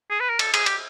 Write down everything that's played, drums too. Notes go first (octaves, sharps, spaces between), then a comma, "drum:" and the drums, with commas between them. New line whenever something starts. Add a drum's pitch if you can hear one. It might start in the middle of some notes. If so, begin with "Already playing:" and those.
G#4
B4
A#4
A4, drum: cymbal
G#4, drum: cymbal
G4, drum: cymbal